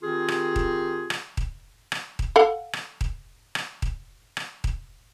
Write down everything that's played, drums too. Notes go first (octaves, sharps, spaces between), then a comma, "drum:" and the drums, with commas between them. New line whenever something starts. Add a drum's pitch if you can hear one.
D#3 C4 F4 G4 G#4
drum: rim click
drum: kick D#1
drum: rim click
drum: kick D#1
drum: rim click
drum: kick D#1
A4 F5 F#5
drum: rim click
drum: kick D#1
drum: rim click
drum: kick D#1
drum: rim click
drum: kick D#1